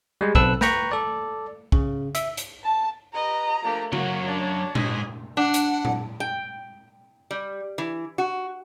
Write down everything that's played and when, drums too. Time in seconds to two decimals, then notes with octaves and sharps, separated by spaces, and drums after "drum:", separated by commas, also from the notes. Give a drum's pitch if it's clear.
0.21 G3 G#3
0.35 B1 C4 A4 B4 E6 F#6, drum: kick
0.61 B4 G5 A#5 B5 C#6, drum: snare
0.92 A4 D5
1.72 C#3, drum: kick
2.15 E5, drum: hi-hat
2.37 drum: hi-hat
2.64 A5
3.15 G4 B4 D#5 A#5
3.63 F3 A3 A#3 D4 G4
3.93 F#2 F#3 A#3 F#4 C#5, drum: tom C#3
4.27 D4
4.75 G#2 B2 G#5 D#6, drum: tom A#2
5.37 D4 F#5
5.54 drum: hi-hat
5.85 drum: tom A#2
6.20 G5
7.31 G3
7.78 E3
8.18 F#4